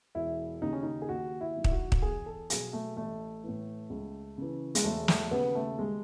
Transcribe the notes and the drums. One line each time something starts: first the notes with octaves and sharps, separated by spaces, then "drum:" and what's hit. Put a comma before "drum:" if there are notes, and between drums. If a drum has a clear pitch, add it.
E1 E4
D#2 C#3 D#4
C#4
D#4
G#4
D#2 F#4
E4
D#3 F#3
E4, drum: kick
F#4
drum: kick
E2 G#4
A4
B2 F#3 G#4, drum: hi-hat
A3
A1 A3
A2 E3
C#2
C#3 E3
G#3, drum: hi-hat
E1 A3
A3, drum: snare
D#2 C#3 B3
A3
D#2 G#3